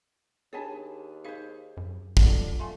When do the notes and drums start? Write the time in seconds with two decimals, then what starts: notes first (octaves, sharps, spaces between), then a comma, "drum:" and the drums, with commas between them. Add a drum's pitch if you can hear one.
0.53 D#2 D4 F#4 G#4 C#5 G#5 A5
1.25 D#4 G#4 C5 F5
1.77 F#2
2.17 D3 F4 F#5, drum: kick
2.60 A3 F5 G#5 C6